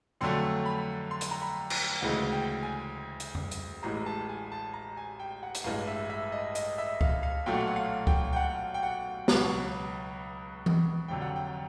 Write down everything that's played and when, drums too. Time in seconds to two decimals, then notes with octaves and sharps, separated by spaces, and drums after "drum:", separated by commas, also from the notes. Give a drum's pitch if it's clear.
0.21 F2 D3 F#3 A3 C6
0.66 B5
1.11 C6
1.21 drum: hi-hat
1.31 A#5
1.42 B5
1.70 drum: cymbal
2.01 D2 C#3 E3 G#3 F#5
2.32 G5
2.63 G#5
3.20 drum: hi-hat
3.35 drum: tom F2
3.51 drum: hi-hat
3.83 A1 A2 E3 G#3 A#5
4.06 A5
4.29 G#5
4.52 A5
4.73 A#5
4.97 G#5
5.19 G5
5.43 F#5
5.55 drum: hi-hat
5.64 A1 G2 E3 G#3 F5
5.87 E5
6.10 E5
6.32 D#5
6.55 D#5, drum: hi-hat
6.78 E5
7.01 F5, drum: kick C#2
7.23 F5
7.46 B1 A#2 F#3 A3 G5
7.54 F#5
7.60 F5
7.67 F#5
7.76 F5
8.07 G5, drum: kick C#2
8.33 G5
8.36 F#5
8.74 G5
8.83 F#5
9.28 C#2 B2 F#3, drum: snare
10.66 drum: tom E3
11.08 F1 F2 D3 F#3 G5
11.22 F#5
11.36 G5